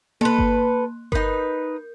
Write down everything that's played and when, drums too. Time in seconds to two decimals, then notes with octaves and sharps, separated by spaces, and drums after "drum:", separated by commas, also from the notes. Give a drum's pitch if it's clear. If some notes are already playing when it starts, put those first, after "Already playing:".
0.21 A#3 A4 B4 C6 F#6
0.38 drum: kick G1
1.12 D#4 A#4 B4 G6, drum: kick G1